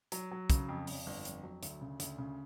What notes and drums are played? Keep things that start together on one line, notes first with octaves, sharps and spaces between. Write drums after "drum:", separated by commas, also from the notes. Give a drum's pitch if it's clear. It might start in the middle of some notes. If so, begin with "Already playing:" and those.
F#3, drum: hi-hat
F#3
C#3, drum: kick, hi-hat
F2
F2, drum: open hi-hat
G1
F2, drum: hi-hat
F#3
D2, drum: hi-hat
C#3
D2, drum: hi-hat
C#3